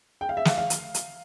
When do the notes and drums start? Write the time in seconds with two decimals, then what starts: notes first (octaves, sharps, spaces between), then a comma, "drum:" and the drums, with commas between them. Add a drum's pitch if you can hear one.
0.21 G5
0.29 F5
0.37 E5
0.45 F5, drum: snare
0.58 F5
0.70 drum: hi-hat
0.94 drum: hi-hat